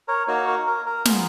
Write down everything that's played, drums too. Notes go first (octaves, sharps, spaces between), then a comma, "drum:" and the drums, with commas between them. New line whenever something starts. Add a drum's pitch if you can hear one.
A#4 C#5
A#3 D#4 F#4 A#4 C#5
A#4
A#4
A#4
B3 F4 G#4, drum: snare